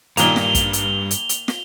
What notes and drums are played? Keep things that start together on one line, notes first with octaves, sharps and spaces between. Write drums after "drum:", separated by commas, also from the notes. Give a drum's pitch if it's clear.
G2 A#2 D#3 G3 A#3 F7 G7, drum: hi-hat
drum: snare
drum: kick, hi-hat
drum: hi-hat
drum: hi-hat
drum: hi-hat
drum: snare